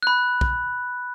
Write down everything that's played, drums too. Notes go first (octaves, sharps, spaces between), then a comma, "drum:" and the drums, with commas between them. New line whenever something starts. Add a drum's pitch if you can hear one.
B5 F#6
drum: kick